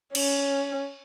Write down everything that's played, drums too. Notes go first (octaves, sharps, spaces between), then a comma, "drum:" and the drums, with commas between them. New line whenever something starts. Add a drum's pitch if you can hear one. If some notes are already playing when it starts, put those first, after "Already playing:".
C#4, drum: cymbal